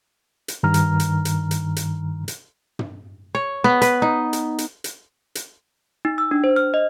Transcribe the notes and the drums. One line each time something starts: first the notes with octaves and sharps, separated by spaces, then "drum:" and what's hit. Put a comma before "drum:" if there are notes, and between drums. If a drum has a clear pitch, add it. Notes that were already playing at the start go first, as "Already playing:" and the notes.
drum: hi-hat
G2 D#3 A#5 F6
drum: hi-hat
drum: hi-hat
drum: hi-hat
drum: hi-hat
drum: hi-hat
drum: hi-hat
drum: tom
C#5
B3
B4, drum: hi-hat
D#4
drum: hi-hat
drum: hi-hat
drum: hi-hat
drum: hi-hat
D#4
E6
D4
C5
F6
D#5